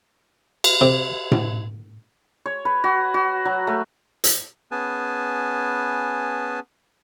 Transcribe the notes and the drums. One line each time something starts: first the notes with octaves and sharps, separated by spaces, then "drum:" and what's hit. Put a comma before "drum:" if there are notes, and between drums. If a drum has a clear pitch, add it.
drum: cymbal
C3
drum: tom A2
C#5
B4
F#4
F#4
F#3
A3
drum: hi-hat
B3 C#4 G#4 B4 G#5 A5